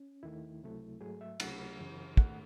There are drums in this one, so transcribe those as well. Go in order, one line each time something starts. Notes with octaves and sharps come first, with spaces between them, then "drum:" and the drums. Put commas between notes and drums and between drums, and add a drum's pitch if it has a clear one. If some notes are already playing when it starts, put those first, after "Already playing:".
Already playing: C#4
D#2 D#3 A3 E4
C#2 C3 F#3 A3
G#2 F#3 A3 G#4
E5
C#2 C3 F#3 A3 F#5, drum: cymbal
F#2 C#3 E3
G#2 D#3 A3 F#5, drum: kick